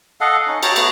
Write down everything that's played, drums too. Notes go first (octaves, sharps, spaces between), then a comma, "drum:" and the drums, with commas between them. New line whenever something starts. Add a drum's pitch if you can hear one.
A4 D#5 F5 F#5
C#4 D#4
C#5 G5 A5 A#5, drum: cymbal
A3 B3 F#4, drum: cymbal